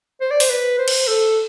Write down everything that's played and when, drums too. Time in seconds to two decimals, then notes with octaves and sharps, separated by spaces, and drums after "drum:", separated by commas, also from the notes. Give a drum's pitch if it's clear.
0.21 C5
0.30 D5
0.40 C5, drum: open hi-hat
0.49 B4
0.78 C5
0.88 drum: cymbal
1.07 A4